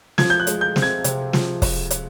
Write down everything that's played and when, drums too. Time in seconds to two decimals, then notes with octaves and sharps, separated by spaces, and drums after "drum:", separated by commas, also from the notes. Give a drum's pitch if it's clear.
0.18 F3 G#6, drum: snare
0.30 G6
0.40 F#6
0.47 G#3, drum: hi-hat
0.61 G6
0.76 C4, drum: snare
0.82 G#6
1.04 C3, drum: hi-hat
1.33 F3, drum: snare
1.62 drum: kick, open hi-hat
1.91 drum: hi-hat